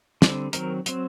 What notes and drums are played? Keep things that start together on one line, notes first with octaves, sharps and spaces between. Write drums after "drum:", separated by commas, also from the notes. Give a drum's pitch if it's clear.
D3 G3 C4, drum: snare
D#3 F#3 C4 A#4, drum: hi-hat
F#3 C4, drum: hi-hat